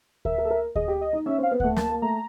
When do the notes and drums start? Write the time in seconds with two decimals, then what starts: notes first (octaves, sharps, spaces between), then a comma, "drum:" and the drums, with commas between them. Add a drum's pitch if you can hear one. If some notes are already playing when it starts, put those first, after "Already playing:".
0.25 A#4 E5, drum: kick D2
0.38 A#4
0.45 A4
0.50 A#4
0.75 G#4 D#5, drum: kick D2
0.88 G4
1.01 D#5
1.13 D#4
1.26 C#4 E5
1.38 C4 F5
1.51 B3
1.60 A3 F#5, drum: kick D2
1.76 A#3 A5, drum: snare
1.90 A#3
2.02 A3 A#5